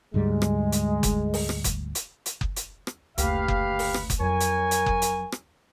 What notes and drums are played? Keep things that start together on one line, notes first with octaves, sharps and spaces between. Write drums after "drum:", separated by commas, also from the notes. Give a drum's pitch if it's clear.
D2 G#2 G3 G#3
drum: rim click
drum: hi-hat
drum: kick F#1, hi-hat
drum: open hi-hat
drum: rim click
drum: kick F#1, hi-hat
drum: hi-hat
drum: hi-hat
drum: kick F#1
drum: hi-hat
drum: rim click
F#1 D2 G4 B4 F5, drum: hi-hat
drum: kick F#1
drum: open hi-hat
drum: rim click
drum: kick F#1, hi-hat
F2 F#3 A#4 C#5 G#5
drum: hi-hat
drum: hi-hat
drum: kick F#1
drum: hi-hat
drum: rim click